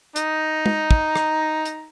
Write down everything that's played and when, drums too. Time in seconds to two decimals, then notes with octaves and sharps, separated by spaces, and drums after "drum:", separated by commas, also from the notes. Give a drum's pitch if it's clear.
0.16 D#4 A#5, drum: hi-hat
0.66 drum: tom
0.91 drum: kick
1.16 drum: rim click
1.65 drum: hi-hat